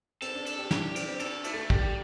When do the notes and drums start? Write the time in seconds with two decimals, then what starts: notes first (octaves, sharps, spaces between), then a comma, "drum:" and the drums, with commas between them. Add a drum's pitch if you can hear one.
0.22 C4 A4, drum: cymbal
0.34 D4
0.46 A4, drum: cymbal
0.58 G4
0.71 E4 G4, drum: snare
0.83 D4
0.96 D4 G4, drum: cymbal
1.08 C4
1.20 D4 A4, drum: cymbal
1.44 A3, drum: cymbal
1.54 A4
1.70 G3 G4, drum: kick
1.82 G4